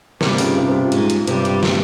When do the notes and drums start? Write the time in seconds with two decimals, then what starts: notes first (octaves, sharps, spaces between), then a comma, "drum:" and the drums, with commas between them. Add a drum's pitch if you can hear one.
0.21 G2 C3 G3, drum: snare
0.38 A#2 C#3, drum: open hi-hat
0.57 C3
0.68 C3
0.80 A#2
0.92 G#2 G#3, drum: hi-hat
1.10 drum: hi-hat
1.27 G2 C3 G3, drum: hi-hat
1.45 drum: hi-hat
1.63 drum: snare